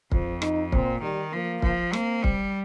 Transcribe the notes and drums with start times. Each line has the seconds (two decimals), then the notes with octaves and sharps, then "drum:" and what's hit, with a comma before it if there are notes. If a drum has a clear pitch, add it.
0.12 F2 F3, drum: kick
0.42 D#4, drum: rim click
0.72 A#2 C4, drum: kick
1.02 D#3 G3
1.33 F3 A#3
1.62 F3, drum: kick
1.93 A#3 C4, drum: rim click
2.24 G3, drum: kick